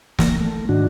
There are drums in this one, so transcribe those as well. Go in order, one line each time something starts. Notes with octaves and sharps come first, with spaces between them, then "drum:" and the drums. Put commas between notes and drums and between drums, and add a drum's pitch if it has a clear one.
E3 A#3 A#6, drum: snare
A3
G#2 D#3 D4 F#4